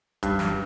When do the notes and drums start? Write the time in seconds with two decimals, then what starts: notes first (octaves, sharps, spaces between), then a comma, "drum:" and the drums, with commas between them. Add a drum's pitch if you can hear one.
0.23 G2, drum: kick, hi-hat
0.39 drum: snare